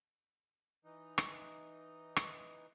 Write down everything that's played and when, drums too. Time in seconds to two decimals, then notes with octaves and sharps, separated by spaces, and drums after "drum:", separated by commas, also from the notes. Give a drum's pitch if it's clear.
0.85 E3 D#4
1.18 drum: rim click
2.16 drum: rim click